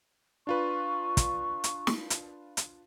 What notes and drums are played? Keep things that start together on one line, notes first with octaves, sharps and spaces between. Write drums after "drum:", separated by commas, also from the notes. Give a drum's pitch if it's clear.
D4 F4 B4 C#6
drum: kick, hi-hat
drum: hi-hat
drum: snare
drum: hi-hat
drum: hi-hat